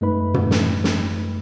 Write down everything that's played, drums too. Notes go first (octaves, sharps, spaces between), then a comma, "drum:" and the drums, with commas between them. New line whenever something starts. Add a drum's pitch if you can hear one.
F#2 G#3 A3 D#4 B4 B5
drum: tom
drum: snare
drum: snare